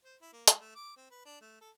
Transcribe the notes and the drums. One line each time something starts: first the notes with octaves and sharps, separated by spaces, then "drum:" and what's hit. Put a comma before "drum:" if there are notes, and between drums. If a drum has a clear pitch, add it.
C5
E4
A#3
G#3, drum: hi-hat
A3
D6
C4
B4
D4
A3
A4